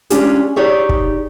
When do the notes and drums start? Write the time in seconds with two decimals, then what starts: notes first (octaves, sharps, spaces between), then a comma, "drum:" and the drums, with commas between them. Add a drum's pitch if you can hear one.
0.10 G#3 C#4 D4 F4 G4 G#4, drum: hi-hat
0.56 D#4 G4 G#4 C#5 D5 E5
0.89 drum: kick